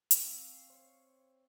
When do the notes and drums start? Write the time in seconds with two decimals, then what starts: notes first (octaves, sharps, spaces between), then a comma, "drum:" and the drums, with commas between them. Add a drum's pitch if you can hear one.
0.11 C4 F5 C#6 E6, drum: hi-hat
0.70 C5 C#5